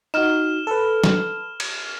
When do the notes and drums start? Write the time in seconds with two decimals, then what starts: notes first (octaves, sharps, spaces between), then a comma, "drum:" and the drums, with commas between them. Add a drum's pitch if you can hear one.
0.14 D#4 F#4 F6 E7
0.67 A4 B4
1.04 drum: snare
1.60 drum: cymbal